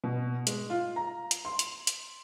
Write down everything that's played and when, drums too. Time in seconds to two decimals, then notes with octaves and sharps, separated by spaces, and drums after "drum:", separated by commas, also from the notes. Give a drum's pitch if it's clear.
0.04 B2
0.47 G#3, drum: hi-hat
0.70 F4
0.96 A#5
1.31 drum: hi-hat
1.45 C6
1.59 drum: hi-hat
1.87 drum: hi-hat